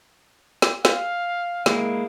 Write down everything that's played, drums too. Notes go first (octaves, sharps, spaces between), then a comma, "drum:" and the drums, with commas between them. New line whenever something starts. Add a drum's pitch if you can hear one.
drum: snare
F5, drum: snare
G#3 A#3 E4, drum: snare